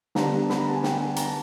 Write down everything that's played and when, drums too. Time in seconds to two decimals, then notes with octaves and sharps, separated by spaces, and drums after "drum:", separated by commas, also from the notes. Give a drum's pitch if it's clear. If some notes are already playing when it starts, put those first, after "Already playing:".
0.15 D3 G3 B3 D4 A#5, drum: snare
0.49 B5, drum: snare
0.57 A#5
0.67 A5
0.75 G#5
0.83 G5, drum: snare
1.00 G#5
1.16 A#5, drum: hi-hat
1.26 A5